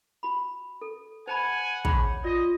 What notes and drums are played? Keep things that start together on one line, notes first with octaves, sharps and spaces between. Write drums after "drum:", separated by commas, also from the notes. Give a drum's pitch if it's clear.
F#4 B5
A4
C5 F#5 G#5 A5 B5
G#4 C#5 B5, drum: kick
F4 D5 D#5